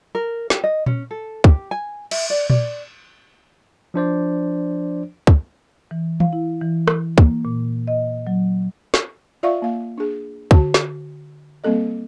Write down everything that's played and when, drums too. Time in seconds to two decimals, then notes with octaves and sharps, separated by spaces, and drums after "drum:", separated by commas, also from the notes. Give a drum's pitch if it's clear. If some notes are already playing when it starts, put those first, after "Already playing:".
0.15 A#4
0.50 G4, drum: snare
0.64 D#5
0.86 C#4, drum: tom A#2
1.11 A4
1.44 G4, drum: kick
1.71 G#5
2.11 E5, drum: cymbal
2.30 D5
2.50 D5, drum: tom A#2
3.94 F3 D4 C5 D5
5.27 drum: kick
5.91 E3
6.20 F5, drum: tom E3
6.33 E4
6.61 E3
6.88 drum: rim click
7.18 A#3, drum: kick
7.45 A#2
7.88 D#5
8.27 F#3
8.94 drum: snare
9.43 F4 D5 E5 F5 C#6
9.62 A#3 F5
9.98 D4 G#4
10.51 D3 F#4 A5, drum: kick
10.74 drum: snare
11.64 G3 A#3 C4 A4 D#5